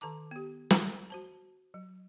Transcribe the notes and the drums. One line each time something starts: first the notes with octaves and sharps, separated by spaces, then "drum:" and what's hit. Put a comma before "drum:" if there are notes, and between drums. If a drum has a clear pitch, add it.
D#3 A4 A5 A#5 D6
B3 G4
drum: snare
F#4 C5 A5
F#3